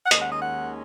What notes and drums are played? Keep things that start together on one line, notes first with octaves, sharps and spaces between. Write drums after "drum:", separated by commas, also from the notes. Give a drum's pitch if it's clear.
F#5
D#2 D#3 G#3 C#4 D#5, drum: hi-hat
F#5
D#5
F#5